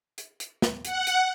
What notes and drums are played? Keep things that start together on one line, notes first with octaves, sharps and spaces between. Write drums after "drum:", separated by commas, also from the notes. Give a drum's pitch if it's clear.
drum: hi-hat
drum: hi-hat
drum: snare
F#5, drum: hi-hat
drum: hi-hat